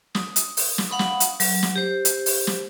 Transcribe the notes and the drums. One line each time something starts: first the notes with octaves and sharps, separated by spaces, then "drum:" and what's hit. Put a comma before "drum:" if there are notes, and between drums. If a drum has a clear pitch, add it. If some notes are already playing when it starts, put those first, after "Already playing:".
D#6, drum: snare
drum: hi-hat
drum: open hi-hat
drum: snare
F5 F#5 B5 C#6 D#6
drum: snare
drum: hi-hat
F#3, drum: open hi-hat
drum: snare
G4 C5
drum: hi-hat
drum: open hi-hat
drum: snare